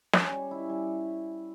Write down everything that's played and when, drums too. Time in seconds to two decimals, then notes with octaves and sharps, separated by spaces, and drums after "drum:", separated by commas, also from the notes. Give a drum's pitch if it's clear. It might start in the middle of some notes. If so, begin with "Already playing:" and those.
0.13 C#4, drum: snare
0.32 G3
0.51 E4
0.69 G3